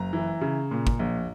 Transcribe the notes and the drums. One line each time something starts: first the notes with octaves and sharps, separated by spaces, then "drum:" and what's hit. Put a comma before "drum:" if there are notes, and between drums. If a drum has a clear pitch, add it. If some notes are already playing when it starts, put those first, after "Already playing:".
Already playing: F#1 A#5
E3
C#3
A#2
drum: kick
A#1